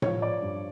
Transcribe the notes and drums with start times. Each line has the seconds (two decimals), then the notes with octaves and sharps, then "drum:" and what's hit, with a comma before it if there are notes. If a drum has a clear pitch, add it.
0.02 F3 C#5, drum: tom A2
0.22 D5
0.42 G2